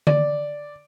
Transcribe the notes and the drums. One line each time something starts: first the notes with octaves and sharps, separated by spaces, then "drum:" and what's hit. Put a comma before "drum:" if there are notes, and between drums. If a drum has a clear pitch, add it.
D5, drum: tom D3